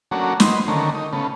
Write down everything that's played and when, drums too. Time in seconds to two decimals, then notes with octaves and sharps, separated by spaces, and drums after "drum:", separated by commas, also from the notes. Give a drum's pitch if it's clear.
0.11 F#3 A3 A#3 C#4 D4 F#4
0.40 B4 C5 D#5, drum: snare
0.68 D3 D#3 A3 A#3 C#4
0.95 D#4
1.13 C#3 A3 B3